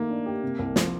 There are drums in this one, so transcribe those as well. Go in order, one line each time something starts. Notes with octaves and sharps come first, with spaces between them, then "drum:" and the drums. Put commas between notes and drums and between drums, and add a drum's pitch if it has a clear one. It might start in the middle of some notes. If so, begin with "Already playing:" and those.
Already playing: D#3 A3 A#3 G4
D4
G4
C3
C2
F3, drum: snare